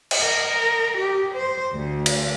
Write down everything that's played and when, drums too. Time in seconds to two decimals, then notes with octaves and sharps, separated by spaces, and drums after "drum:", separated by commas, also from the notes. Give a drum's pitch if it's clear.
0.11 drum: cymbal
0.22 A#4
0.97 G4
1.34 C5
1.74 D2
2.06 drum: cymbal